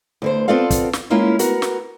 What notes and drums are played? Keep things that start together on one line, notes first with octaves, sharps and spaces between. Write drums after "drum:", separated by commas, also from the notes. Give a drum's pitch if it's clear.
D2 D3 C5
B3 C4 F4 A4 D5 F5
drum: kick, hi-hat
drum: snare
G#3 A#3 C#4 E4 F4
B3 F#4 A#4, drum: hi-hat
drum: snare